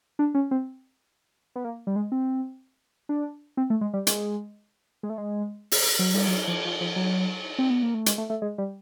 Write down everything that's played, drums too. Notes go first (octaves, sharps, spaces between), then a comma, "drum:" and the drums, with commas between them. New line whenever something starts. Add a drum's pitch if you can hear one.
D4
C#4
C4
B3
A#3
G3
G#3
C4
D4
C4
A3
G#3
G3
G#3, drum: hi-hat
G#3
A3
G#3
drum: open hi-hat
F#3
G3, drum: cymbal
F#3
F3
F3
F3
F#3
C4
B3
A#3
A3
G#3, drum: hi-hat
A3
A3
G#3
G3